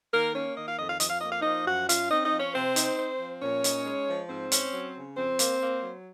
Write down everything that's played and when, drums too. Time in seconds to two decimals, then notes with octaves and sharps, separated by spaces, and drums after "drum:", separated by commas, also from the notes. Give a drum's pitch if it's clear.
0.14 D#3 A#3 A#4
0.35 A#3 C#4 C#5
0.57 D#3 D#5
0.68 F5
0.79 F2 D#5
0.90 F5
1.00 F2 D#5, drum: hi-hat
1.10 F5
1.21 A#3 D#5
1.32 F5
1.42 F3 D#4 D#5
1.67 F#2 F#4 F#5
1.89 C#4 F4 F5, drum: hi-hat
2.11 C4 D#4 D#5
2.26 D#4 D#5
2.32 F3
2.39 C#4 C#5
2.54 C3 C4 C5
2.76 D#4, drum: hi-hat
2.99 C4
3.20 F3
3.42 A#2 C#4 C#5
3.64 D#4, drum: hi-hat
3.86 G#3
4.07 F3
4.29 G#2 C4 C5
4.52 C#4, drum: hi-hat
4.73 F#3
4.96 C#3
5.17 F2 C4 C5
5.39 A#3, drum: hi-hat
5.61 A#3
5.83 F#3